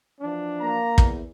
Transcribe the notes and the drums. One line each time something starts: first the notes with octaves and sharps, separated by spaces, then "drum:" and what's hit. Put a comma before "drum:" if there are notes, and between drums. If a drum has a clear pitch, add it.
E3 F3 D4
A#3 A#5
E2, drum: kick